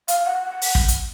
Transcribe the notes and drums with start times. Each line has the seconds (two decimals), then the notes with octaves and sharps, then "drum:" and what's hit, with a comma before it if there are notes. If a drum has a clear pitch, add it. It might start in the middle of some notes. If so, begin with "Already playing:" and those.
0.08 F5, drum: hi-hat
0.26 F#5
0.44 F#5
0.62 drum: open hi-hat
0.75 drum: kick
0.88 drum: hi-hat